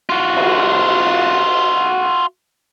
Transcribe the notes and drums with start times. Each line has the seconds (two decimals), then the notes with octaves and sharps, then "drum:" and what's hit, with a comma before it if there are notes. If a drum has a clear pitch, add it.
0.09 F4 F#4
0.37 drum: cymbal